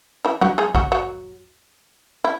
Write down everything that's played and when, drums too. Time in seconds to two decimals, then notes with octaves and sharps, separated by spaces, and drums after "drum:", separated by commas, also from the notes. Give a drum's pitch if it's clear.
0.25 E3 E4
0.41 F#3 F#4, drum: tom F#3
0.58 G#3 G#4
0.75 F#3 F#4, drum: kick A1
0.92 F#3 F#4
2.24 E4